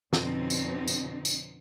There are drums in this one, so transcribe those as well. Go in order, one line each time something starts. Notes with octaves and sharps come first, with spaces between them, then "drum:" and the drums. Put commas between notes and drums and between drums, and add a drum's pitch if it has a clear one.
F2 B2 D3 C4 C#4 D#4, drum: snare
drum: tambourine
drum: tambourine
drum: tambourine